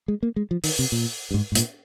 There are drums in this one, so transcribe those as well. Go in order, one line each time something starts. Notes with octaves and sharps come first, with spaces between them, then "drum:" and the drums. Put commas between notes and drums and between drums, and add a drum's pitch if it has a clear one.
G#3
A#3
G#3
F3
D#3, drum: open hi-hat
C3
A#2
G2
G#2
G#2
A#2, drum: hi-hat